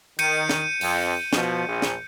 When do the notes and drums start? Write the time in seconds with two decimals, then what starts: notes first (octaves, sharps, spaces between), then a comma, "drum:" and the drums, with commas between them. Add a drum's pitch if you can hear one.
0.19 D#3 G6 C#7 D#7, drum: cymbal
0.49 drum: snare
0.81 F2, drum: open hi-hat
1.33 B2 F3, drum: snare
1.67 A#1
1.82 drum: snare